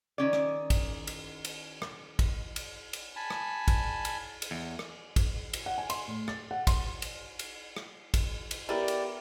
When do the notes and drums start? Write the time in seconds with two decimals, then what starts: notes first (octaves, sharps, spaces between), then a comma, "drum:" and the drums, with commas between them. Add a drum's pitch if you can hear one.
0.18 D#3 C#4 D5
0.33 drum: rim click
0.70 drum: kick, cymbal
1.07 drum: cymbal
1.45 drum: cymbal
1.82 drum: rim click
2.19 drum: kick, cymbal
2.56 drum: cymbal
2.93 drum: cymbal
3.16 G#5 A5 B5
3.30 drum: rim click
3.68 drum: kick, cymbal
4.05 drum: cymbal
4.42 drum: cymbal
4.51 E2
4.79 drum: rim click
5.16 drum: kick, cymbal
5.53 drum: cymbal
5.66 F#5
5.78 G#5
5.90 C6, drum: cymbal
6.08 A2
6.28 A6, drum: rim click
6.51 F#5
6.67 C6, drum: kick, cymbal
7.02 drum: cymbal
7.39 drum: cymbal
7.77 drum: rim click
8.14 drum: kick, cymbal
8.51 drum: cymbal
8.69 B3 E4 G4 A#4 D5 D#7
8.88 drum: cymbal